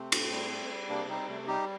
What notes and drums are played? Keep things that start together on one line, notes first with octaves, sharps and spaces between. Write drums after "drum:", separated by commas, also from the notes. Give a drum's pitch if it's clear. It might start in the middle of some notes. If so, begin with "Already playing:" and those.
Already playing: C3 A3 C4
A2, drum: cymbal
G3
G3
G3
C3 A#3 D4
G3 C4 D#4
C3 A3
G3 D#4 G4